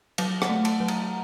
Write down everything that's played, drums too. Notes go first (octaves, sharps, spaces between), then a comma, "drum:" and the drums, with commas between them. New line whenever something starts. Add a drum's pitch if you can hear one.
F#3 F5, drum: cymbal
F#5, drum: rim click
A3
A5, drum: cymbal
F#3
A#5, drum: cymbal